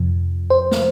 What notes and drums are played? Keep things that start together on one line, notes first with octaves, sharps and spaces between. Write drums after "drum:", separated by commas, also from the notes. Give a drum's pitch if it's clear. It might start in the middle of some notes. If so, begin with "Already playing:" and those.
Already playing: F2 C3 F3
C5
drum: snare